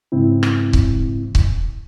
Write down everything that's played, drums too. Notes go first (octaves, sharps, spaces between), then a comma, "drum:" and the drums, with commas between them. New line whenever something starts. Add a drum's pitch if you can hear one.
G#2 C#3 C4 E4
drum: rim click
drum: kick C#1
drum: kick C#1